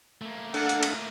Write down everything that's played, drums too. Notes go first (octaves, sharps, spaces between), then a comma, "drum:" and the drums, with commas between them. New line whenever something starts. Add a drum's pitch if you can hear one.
A3 A#3
D4 A4 F5 F#5, drum: cymbal
drum: hi-hat
drum: cymbal